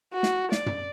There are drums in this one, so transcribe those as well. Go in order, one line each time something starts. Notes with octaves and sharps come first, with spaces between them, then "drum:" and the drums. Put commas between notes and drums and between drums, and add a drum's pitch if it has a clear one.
F#4
drum: snare
D5, drum: snare
drum: tom